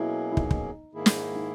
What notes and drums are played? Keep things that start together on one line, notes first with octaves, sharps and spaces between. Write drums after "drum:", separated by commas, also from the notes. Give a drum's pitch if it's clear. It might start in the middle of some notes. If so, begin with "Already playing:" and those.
Already playing: B2 F#3 A#3 C#4 E4 G#4
E4
D#4, drum: kick
drum: kick
G#2 D#3 A#3 E4 G#4
drum: snare
D#4